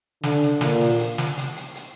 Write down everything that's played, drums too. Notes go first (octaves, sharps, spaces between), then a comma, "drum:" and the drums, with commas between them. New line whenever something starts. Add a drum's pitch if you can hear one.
D3, drum: snare
drum: hi-hat
A#2, drum: snare
drum: open hi-hat
drum: hi-hat
drum: snare
drum: hi-hat
drum: hi-hat
drum: hi-hat